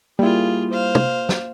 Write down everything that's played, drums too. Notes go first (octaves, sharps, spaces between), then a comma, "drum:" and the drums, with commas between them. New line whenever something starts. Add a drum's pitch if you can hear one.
G3 A#3 E4 F4 G#4
C5 F5
drum: tom
drum: snare